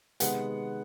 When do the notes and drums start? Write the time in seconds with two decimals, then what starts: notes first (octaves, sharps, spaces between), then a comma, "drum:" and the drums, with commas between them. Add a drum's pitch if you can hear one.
0.20 C3 D#3 G#3 B3 F#5, drum: hi-hat